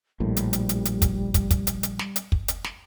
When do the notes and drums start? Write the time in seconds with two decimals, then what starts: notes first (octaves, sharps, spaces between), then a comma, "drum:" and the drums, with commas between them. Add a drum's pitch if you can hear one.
0.20 A#1 A2 G3
0.37 drum: hi-hat
0.53 drum: hi-hat
0.69 drum: hi-hat
0.85 drum: hi-hat
1.02 drum: kick, hi-hat
1.34 drum: kick, hi-hat
1.51 drum: kick, hi-hat
1.67 drum: hi-hat
1.83 drum: hi-hat
1.99 drum: snare
2.16 drum: hi-hat
2.32 drum: kick
2.48 drum: hi-hat
2.65 drum: snare